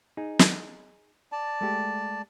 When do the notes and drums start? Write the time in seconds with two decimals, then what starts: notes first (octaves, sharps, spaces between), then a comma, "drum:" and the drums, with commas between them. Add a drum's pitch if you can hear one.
0.17 D#4 G#4
0.39 drum: snare
1.32 D5 A5
1.61 G#3 A3 G4